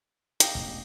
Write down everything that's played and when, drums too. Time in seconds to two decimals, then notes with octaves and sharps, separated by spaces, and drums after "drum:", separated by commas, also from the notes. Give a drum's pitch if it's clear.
0.40 G4 D#5 F5, drum: hi-hat
0.55 E1 A1